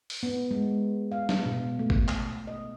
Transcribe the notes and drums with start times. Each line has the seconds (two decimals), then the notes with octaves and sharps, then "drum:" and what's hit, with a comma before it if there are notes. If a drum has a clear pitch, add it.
0.10 drum: open hi-hat
0.23 B3
0.51 G#3
1.12 F5
1.29 B3, drum: snare
1.46 B2
1.79 A3
1.90 drum: kick G#1
2.08 drum: clap
2.47 D#5